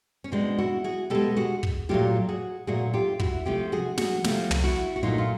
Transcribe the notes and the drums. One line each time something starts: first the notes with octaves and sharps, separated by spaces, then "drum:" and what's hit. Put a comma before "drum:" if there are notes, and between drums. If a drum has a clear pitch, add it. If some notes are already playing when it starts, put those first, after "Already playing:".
C#4
B2 G#3 C4 D4
E4 F#4
F#4 G#4
B2 G#3 G4 A4
F#4 G#4
drum: kick
A#2 F#3 A3 F4 G4
F#4 G#4
A#2 F#3 A3 F#4 G#4
F4 G4
E4 F#4, drum: kick
C3 F3 A3 F4 G4
F#4 G#4
F#4 G#4, drum: snare
C3 F3 A3, drum: snare
drum: tom
E4 F#4
F#4
A#2 F#3 A3 D#4 F4
F4